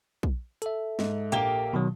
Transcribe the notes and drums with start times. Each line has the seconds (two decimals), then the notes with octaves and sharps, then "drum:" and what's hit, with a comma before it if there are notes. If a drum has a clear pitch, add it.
0.23 drum: kick
0.62 A4 E5, drum: hi-hat
0.99 G#2, drum: snare
1.32 A#1 A#3 G4 F5 G7, drum: hi-hat
1.73 B2 D#3 F#3